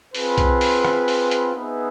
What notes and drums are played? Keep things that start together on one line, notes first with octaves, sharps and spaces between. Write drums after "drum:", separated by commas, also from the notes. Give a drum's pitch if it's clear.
C4 F4 G#4 B4, drum: open hi-hat
drum: kick B1, hi-hat
drum: open hi-hat
drum: rim click
drum: open hi-hat
drum: hi-hat
B3 D#4 G#4 B4 E5